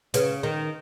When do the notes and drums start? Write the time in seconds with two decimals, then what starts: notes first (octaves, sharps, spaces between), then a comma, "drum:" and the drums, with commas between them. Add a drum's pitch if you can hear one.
0.14 C#3 B4, drum: hi-hat
0.43 D#3